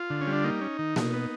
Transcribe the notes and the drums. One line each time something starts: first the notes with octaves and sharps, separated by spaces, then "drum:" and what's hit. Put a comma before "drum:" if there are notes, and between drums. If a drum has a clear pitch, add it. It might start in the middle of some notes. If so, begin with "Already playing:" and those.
Already playing: F4
D3
C#4
G3
D4
A#3 D#4
C#4
D#3
B2, drum: snare A#3
B3